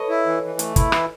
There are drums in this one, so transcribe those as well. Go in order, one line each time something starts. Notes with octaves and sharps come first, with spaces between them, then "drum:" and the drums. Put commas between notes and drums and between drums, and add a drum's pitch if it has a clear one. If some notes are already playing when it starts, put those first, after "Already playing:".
Already playing: A4 B4 C#5 D#5
E4
E3
E3
A3, drum: hi-hat
E4, drum: kick, hi-hat
E3, drum: rim click